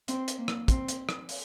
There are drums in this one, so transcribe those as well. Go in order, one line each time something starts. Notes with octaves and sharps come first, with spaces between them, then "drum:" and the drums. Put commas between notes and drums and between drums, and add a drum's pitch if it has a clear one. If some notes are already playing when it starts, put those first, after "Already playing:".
C4, drum: hi-hat
drum: hi-hat
A#3
drum: rim click
C4, drum: kick, hi-hat
drum: hi-hat
drum: rim click
drum: open hi-hat